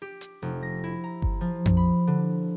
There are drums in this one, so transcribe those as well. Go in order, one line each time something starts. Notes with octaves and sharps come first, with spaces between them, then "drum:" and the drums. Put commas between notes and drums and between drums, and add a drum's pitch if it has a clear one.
G4
drum: hi-hat
F1
A#6
E4
A#5
drum: kick G1
F3
drum: tom F2
B5
D3